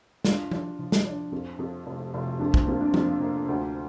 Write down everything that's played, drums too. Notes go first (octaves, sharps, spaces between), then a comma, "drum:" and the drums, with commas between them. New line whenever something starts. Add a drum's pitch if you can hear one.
D4 F4, drum: snare
D4, drum: tom F3
F3
drum: snare
D4
F2
F2
F1
F1
F2 D4
C4, drum: kick
F2 A#3
D4
F2 F4, drum: tom F3
A#3
D2